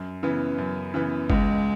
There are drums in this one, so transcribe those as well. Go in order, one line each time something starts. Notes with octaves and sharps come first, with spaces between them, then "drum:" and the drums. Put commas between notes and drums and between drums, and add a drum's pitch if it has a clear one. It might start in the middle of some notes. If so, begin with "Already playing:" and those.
Already playing: F#2
C#3 E3 B3
F#2
C#3 E3 B3
C#2 G#3, drum: kick F#1